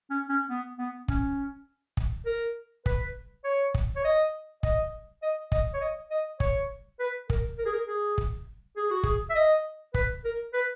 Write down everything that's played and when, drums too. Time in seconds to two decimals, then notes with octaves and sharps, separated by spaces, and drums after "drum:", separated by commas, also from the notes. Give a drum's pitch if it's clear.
0.11 C#4
0.30 C#4
0.50 B3
0.79 B3
1.08 C#4, drum: kick
1.97 drum: kick
2.26 A#4
2.86 B4, drum: kick
3.44 C#5
3.74 drum: kick
3.96 C#5
4.05 D#5
4.63 D#5, drum: kick
5.22 D#5
5.52 D#5, drum: kick
5.74 C#5
5.81 D#5
6.11 D#5
6.40 C#5, drum: kick
7.00 B4
7.30 A#4, drum: kick
7.58 A#4
7.66 G#4
7.73 A#4
7.88 G#4
8.18 drum: kick
8.77 G#4
8.91 F#4
9.03 G#4, drum: kick
9.30 E5
9.36 D#5
9.94 B4, drum: kick
10.25 A#4
10.54 B4